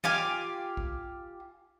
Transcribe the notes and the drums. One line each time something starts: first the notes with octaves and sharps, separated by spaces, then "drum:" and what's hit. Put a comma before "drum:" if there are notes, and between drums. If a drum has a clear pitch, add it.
F4 G4 F5 G#5, drum: tom
drum: kick A#1